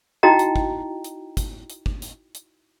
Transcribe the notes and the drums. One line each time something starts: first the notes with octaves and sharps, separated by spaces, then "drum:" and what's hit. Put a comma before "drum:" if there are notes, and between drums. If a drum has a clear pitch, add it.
D#4 E4 F#4 D#5 G5 A#5
drum: hi-hat
drum: kick
drum: hi-hat
drum: kick, hi-hat
drum: hi-hat
drum: kick
drum: hi-hat
drum: hi-hat